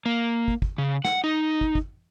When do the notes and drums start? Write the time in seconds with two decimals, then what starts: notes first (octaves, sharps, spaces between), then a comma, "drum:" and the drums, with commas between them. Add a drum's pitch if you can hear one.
0.06 A#3
0.48 drum: kick
0.62 drum: kick
0.78 C#3
1.05 F#5, drum: snare
1.24 D#4
1.61 drum: kick
1.75 drum: kick